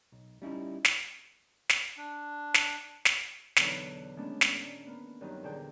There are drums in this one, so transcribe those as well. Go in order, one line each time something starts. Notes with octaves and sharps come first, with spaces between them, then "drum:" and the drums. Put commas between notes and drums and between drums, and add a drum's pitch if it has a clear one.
B1
G3 A3 C#4 D#4 E4 E5
drum: snare
drum: snare
D4
drum: snare
drum: snare
E2 B2 D3 E3 F#3 D#4, drum: snare
D#3 G#3 A3 B3 C#4 D4
drum: snare
A#2
A#3 B3
G2 D#3 F#3 D#4
E2 A#2 D3 D#4 G#4 G5